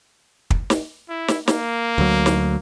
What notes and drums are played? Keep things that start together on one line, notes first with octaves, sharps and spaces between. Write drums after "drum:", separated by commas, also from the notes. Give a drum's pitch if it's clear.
drum: kick
drum: snare
E4
drum: snare
A#3, drum: snare
D2 F#3
drum: snare